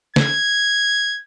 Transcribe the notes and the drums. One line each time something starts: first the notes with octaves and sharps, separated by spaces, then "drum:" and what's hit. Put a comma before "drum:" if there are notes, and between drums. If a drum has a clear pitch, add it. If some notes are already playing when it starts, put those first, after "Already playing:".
G#6, drum: snare